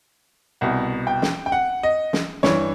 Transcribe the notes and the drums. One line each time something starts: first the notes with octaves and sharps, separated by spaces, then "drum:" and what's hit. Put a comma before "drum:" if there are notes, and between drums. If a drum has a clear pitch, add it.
C2 B2 F#5
G5
drum: snare
G5
F#5
D#5
drum: snare
G2 E3 C#5, drum: snare